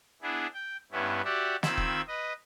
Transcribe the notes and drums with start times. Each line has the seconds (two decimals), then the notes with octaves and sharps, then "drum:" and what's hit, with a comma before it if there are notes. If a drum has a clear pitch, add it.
0.22 B3 D4 E4 G#4
0.54 G5
0.92 G2 B3 C#4 E4
1.24 F#4 G4 D5 E5 F#5
1.63 D#3 C4 F4 B5 E6 G#6, drum: snare
1.78 drum: kick E1
2.08 B4 D#5